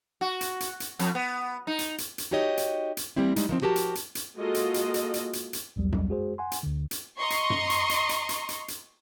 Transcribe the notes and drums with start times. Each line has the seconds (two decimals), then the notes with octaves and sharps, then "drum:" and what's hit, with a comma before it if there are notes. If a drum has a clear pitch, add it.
0.21 F#4
0.41 drum: hi-hat
0.60 drum: hi-hat
0.80 drum: hi-hat
0.99 F2, drum: hi-hat
1.15 B3
1.67 D#4
1.79 drum: hi-hat
1.98 drum: hi-hat
2.18 drum: hi-hat
2.31 D#4 F#4 G4 C#5 D#5
2.57 drum: hi-hat
2.97 drum: hi-hat
3.16 E3 G3 A#3 C4 E4
3.36 G3 G#3 D#4, drum: hi-hat
3.49 D#3 F3 C4
3.62 F3 F#4 G4 A#4 A5
3.76 drum: hi-hat
3.95 drum: hi-hat
4.15 drum: hi-hat
4.36 G#3 A#3 F4 F#4 A4 D#5
4.54 drum: hi-hat
4.74 drum: hi-hat
4.94 drum: hi-hat
5.14 drum: hi-hat
5.33 drum: hi-hat
5.53 drum: hi-hat
5.76 B1 E2 F#3 G3
5.92 drum: tom F#2
6.09 G#3 F#4 G#4 C5
6.38 F#5 G#5 C6
6.52 drum: hi-hat
6.63 D2 D3
6.91 drum: hi-hat
7.20 D#5 A#5 C6 C#6
7.30 drum: hi-hat
7.50 drum: tom F#2
7.70 drum: hi-hat
7.89 drum: hi-hat
8.09 drum: hi-hat
8.29 drum: hi-hat
8.49 drum: hi-hat
8.68 drum: hi-hat